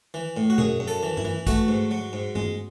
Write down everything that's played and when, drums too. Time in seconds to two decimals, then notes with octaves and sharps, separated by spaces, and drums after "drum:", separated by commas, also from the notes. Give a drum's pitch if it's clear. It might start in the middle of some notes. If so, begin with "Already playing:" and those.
0.14 E3
0.37 A2
0.50 F#4
0.58 F#2 G#4, drum: tom B2
0.80 F#2
0.88 A4, drum: hi-hat
1.03 E3
1.17 E4, drum: tom
1.25 E3
1.47 A3 F#4, drum: kick, hi-hat
1.68 G#2
1.91 F#3
2.13 G#2
2.35 G#3, drum: tom